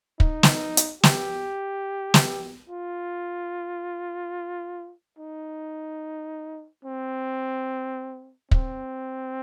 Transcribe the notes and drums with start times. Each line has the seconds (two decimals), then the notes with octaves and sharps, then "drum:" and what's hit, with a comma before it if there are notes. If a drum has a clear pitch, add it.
0.20 D#4, drum: kick
0.43 drum: snare
0.77 drum: hi-hat
1.03 G4, drum: snare
2.14 drum: snare
2.70 F4
5.19 D#4
6.85 C4
8.51 C4, drum: kick